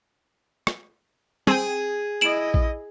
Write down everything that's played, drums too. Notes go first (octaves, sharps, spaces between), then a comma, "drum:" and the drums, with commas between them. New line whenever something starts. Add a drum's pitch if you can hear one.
drum: rim click
C4 G#4 G5, drum: tom
E4 D#5 D7 E7 F#7
drum: kick A#1